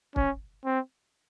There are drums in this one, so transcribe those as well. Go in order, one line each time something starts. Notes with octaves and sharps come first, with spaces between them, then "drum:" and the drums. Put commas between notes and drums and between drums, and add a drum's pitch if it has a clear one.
C#4, drum: kick
C4